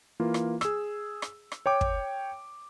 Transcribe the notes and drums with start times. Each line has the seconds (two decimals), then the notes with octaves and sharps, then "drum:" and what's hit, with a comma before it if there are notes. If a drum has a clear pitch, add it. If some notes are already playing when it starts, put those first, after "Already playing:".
0.20 E3 A#3 F4
0.34 drum: rim click
0.61 G#4 E6, drum: rim click
1.22 drum: rim click
1.52 drum: rim click
1.66 C#5 G5 D6
1.81 drum: kick